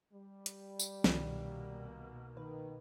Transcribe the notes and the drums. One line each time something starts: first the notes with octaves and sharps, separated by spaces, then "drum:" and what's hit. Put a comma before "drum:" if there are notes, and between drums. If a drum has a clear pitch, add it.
G3
drum: hi-hat
drum: tambourine
C2 B2 D#3 A#3, drum: snare
D#3 B4